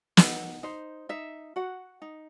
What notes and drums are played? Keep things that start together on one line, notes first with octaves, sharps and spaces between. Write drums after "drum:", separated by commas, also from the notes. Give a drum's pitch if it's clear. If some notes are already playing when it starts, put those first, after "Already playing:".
D#4 F#5, drum: snare
D#4 C5
D#4 E5
F#4 F#5
D#4